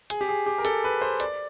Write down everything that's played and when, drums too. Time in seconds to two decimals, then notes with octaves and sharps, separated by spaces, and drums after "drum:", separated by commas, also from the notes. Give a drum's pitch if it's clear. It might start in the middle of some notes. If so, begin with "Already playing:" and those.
0.10 G#4, drum: hi-hat
0.21 G4
0.29 G#4
0.46 G4
0.58 A#4
0.65 A4, drum: hi-hat
0.84 B4
1.01 C5
1.20 D5, drum: hi-hat